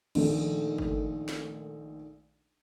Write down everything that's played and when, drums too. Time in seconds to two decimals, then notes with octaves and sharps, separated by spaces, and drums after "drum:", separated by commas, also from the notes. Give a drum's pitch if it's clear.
0.15 A#1 D#3 A3 D#4, drum: cymbal
0.78 drum: kick G1
1.29 drum: snare